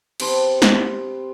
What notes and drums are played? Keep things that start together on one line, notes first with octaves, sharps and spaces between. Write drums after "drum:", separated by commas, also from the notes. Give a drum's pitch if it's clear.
C3 B4 C5 A5, drum: cymbal
drum: snare